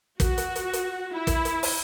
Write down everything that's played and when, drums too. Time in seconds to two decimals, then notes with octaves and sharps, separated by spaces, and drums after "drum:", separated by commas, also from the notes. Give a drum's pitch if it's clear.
0.20 F#4, drum: kick, hi-hat
0.38 drum: hi-hat
0.55 drum: hi-hat
0.73 drum: hi-hat
1.12 E4
1.27 drum: kick, hi-hat
1.45 drum: hi-hat
1.63 drum: open hi-hat